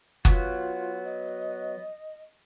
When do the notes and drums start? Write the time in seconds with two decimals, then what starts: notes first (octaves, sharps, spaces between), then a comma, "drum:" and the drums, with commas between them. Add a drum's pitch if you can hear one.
0.25 F#3 B3 F4 F#4, drum: kick F#1
1.05 D#5